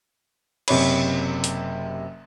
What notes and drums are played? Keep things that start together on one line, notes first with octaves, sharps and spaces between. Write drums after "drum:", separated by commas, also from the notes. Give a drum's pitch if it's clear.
F#1 C3 C#5 B5, drum: cymbal
drum: hi-hat